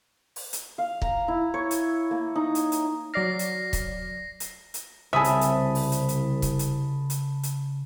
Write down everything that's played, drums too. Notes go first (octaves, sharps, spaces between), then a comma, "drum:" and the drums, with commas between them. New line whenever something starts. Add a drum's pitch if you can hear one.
drum: open hi-hat
drum: hi-hat
F5
A#5, drum: kick
E4
C#5
drum: hi-hat
A#3
D#4
drum: hi-hat
drum: hi-hat
F#3 D5 F6 A#6 C7
drum: hi-hat
drum: kick, hi-hat
drum: hi-hat
drum: hi-hat
C2 C#3 G#4 E5 A5 B5 D#6
drum: hi-hat
drum: hi-hat
drum: open hi-hat
drum: hi-hat
drum: hi-hat
drum: kick, hi-hat
drum: hi-hat
drum: hi-hat
drum: hi-hat